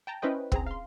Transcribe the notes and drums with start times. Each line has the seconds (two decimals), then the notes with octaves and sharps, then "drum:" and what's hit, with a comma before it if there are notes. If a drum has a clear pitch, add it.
0.07 G5 A5 A#5
0.22 C#4 E4 B4 C5 D#5 G5
0.52 C4 G#4 A#5, drum: kick
0.67 F5 C6